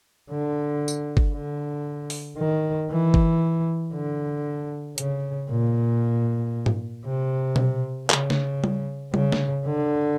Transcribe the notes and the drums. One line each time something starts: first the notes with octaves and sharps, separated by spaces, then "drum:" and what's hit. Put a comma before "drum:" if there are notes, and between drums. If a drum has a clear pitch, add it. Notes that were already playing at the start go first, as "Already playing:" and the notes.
D3
drum: tambourine
drum: kick G1
D3
drum: open hi-hat
D#3
E3
drum: kick G1
D3
C#3, drum: hi-hat
A#2
drum: tom G#2
C3
drum: tom B2
C#3, drum: clap
drum: snare
drum: tom G3
C#3, drum: tom G3
drum: snare
D3